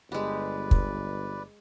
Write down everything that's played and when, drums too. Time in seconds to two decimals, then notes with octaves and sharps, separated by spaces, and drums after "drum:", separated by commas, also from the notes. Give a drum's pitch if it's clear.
0.12 G1 G#3 G4 B4 D5
0.71 drum: kick